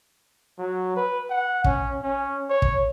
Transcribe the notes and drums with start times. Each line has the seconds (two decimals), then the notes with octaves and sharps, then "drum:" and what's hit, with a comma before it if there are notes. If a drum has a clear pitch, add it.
0.58 F#3
0.97 B4
1.30 F#5
1.64 C#4, drum: kick
2.02 C#4
2.50 C#5
2.62 drum: kick